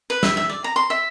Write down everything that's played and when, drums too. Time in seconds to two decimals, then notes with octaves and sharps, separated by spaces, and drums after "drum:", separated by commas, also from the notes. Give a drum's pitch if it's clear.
0.10 B4
0.23 E5, drum: snare
0.37 E5
0.50 D5
0.64 A#5
0.76 C6
0.90 E5